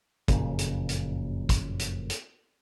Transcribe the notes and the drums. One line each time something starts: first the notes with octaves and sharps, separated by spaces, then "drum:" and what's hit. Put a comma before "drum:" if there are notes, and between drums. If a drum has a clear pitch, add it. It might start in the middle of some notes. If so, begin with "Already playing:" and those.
F#1 F2 A#2 C#3, drum: kick, hi-hat
drum: hi-hat
drum: hi-hat
drum: kick, hi-hat
drum: hi-hat
drum: hi-hat